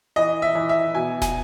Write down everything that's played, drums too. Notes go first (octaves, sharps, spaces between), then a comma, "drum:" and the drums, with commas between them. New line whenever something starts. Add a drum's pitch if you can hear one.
E3 D#5
E5
E3
E5
B2 G#5
G#5, drum: snare